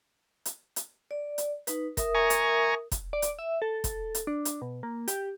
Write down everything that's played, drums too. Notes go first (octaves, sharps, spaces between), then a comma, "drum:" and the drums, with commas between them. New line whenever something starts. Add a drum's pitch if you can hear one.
drum: hi-hat
drum: hi-hat
D5
drum: hi-hat
D#4 B4, drum: hi-hat
A#4 E5 D#6, drum: kick, hi-hat
G#5 A#5 C#6
drum: hi-hat
drum: kick, hi-hat
D5
drum: hi-hat
E5
A4
drum: kick, hi-hat
drum: hi-hat
D4
drum: hi-hat
B2
A#3
G4, drum: hi-hat